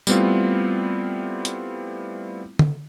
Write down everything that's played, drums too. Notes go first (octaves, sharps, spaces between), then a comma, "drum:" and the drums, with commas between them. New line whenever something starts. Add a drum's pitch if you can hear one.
G3 A3 B3 C4 E4 F4, drum: tambourine
drum: hi-hat
drum: tom D3